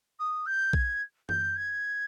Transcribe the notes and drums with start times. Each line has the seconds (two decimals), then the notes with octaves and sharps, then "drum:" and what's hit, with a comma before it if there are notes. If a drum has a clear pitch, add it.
0.19 D#6
0.46 G6
0.73 G#6, drum: kick A#1
1.29 G6, drum: tom F#2
1.56 G#6